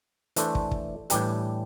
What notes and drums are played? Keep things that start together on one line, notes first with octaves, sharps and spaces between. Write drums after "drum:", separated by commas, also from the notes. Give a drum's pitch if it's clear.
E3 A3 D4 A4 C5, drum: hi-hat
drum: kick
drum: kick
A2 E3 G3 D4 G4, drum: hi-hat